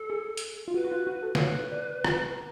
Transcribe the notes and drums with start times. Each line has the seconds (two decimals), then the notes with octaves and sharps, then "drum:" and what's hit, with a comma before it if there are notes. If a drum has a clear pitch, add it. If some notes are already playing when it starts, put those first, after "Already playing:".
Already playing: A4
0.10 G#4
0.37 drum: hi-hat
0.68 F4
0.74 F#4 B4
0.84 F#4
0.92 F4
1.07 F#4
1.23 A4
1.35 A4, drum: snare
1.39 B4 C#5
1.72 D5
2.05 C#6, drum: rim click